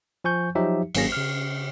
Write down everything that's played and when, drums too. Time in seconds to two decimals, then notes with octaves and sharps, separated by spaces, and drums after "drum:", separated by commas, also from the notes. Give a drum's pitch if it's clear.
0.24 F3 G#5 C#6 G6
0.55 F3 F#3 D#4 G4 E5
0.95 G#1 F#3 A#3 C#4 G#4 A#6, drum: cymbal
1.12 C#3 F6